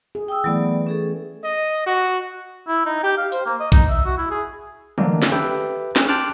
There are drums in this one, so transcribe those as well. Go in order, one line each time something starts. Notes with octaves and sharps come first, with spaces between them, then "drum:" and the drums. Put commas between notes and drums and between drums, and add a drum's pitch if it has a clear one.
G#4
G5 D#6 E6
E3 F#3 A3 B3 D5
C#4 G#4 A4
D#5
F#4
E4
D#4
G4
F5
C5, drum: hi-hat
A#3
D#5
D#4, drum: kick A#1
E5
F#4
E4
G#4
D3 D#3 A3 A#3 D4 D#4, drum: tom
drum: snare
G4 A4 B4 E5 G5
drum: snare
G5 A5 C6 D6 F6 F#6